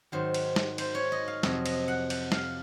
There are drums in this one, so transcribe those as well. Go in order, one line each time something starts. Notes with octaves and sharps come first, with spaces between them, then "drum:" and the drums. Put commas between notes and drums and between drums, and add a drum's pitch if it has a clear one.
G#2 D#3 F#3 C5
drum: cymbal
drum: snare
C5, drum: cymbal
C#5
D#5
F5
F2 C3 F#3 D#5, drum: snare
D#5, drum: cymbal
F#5
F#5, drum: cymbal
F5, drum: snare